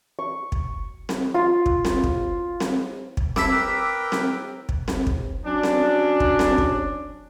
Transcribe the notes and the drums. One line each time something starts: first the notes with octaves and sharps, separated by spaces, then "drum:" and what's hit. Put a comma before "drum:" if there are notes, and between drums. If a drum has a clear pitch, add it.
C#6
drum: kick
drum: snare C4
F4
drum: kick
drum: snare C4
drum: kick
drum: snare C4
drum: kick
E4 A4 D6 E6 B6, drum: snare C4
A#4 B4 G5
drum: snare C4
drum: kick
drum: snare C4
drum: kick
F#3 C#4 D4
drum: snare C4
drum: kick
drum: snare C4
drum: kick